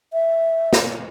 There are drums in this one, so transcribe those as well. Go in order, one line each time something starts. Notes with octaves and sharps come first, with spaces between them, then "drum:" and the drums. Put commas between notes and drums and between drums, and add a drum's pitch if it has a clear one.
E5
drum: snare